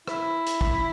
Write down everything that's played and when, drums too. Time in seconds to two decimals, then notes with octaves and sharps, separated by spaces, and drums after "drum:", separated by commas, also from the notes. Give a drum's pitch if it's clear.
0.08 E4, drum: rim click
0.47 drum: hi-hat
0.61 drum: kick